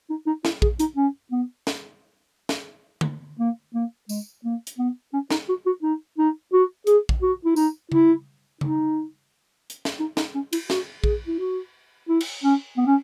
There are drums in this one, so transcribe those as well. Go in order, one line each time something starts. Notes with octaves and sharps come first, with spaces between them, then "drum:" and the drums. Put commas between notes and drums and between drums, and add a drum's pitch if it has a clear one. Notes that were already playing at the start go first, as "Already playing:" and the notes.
D#4
D#4
E4, drum: snare
G#4, drum: kick A#1
D#4, drum: hi-hat
C#4
B3
drum: snare
drum: snare
drum: tom
A#3
A#3
G#3, drum: tambourine
A#3
drum: hi-hat
B3
C#4
D#4, drum: snare
F#4
F#4
D#4
D#4
F#4
G#4, drum: hi-hat
drum: kick A#1
F#4
E4
D#4, drum: tambourine
E4, drum: tom C#3
D#4, drum: tom C#3
drum: hi-hat
drum: snare
D#4
D#4, drum: snare
C#4
E4, drum: cymbal
F#4, drum: snare
G#4, drum: kick A#1
E4
F#4
E4
drum: cymbal
C#4
B3
C#4